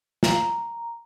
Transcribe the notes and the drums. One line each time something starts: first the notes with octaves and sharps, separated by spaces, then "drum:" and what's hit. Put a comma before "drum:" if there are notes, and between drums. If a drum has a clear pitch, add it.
A#5, drum: snare